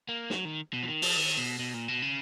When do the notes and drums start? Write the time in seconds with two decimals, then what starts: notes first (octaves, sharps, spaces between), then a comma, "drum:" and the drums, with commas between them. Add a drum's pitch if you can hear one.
0.09 A#3
0.30 F#3, drum: snare
0.45 D#3
0.73 B2
0.83 F3
0.88 D#3
1.02 F3, drum: open hi-hat
1.17 D#3
1.37 B2
1.59 B2
1.74 A#2
1.88 B2
2.02 C#3